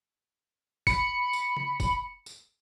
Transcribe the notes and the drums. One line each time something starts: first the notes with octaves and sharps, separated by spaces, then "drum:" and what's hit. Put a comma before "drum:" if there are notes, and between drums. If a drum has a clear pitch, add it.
B5 C#7, drum: kick F#1, tambourine
drum: tambourine
drum: tom C#3
drum: kick F#1, tambourine
drum: tambourine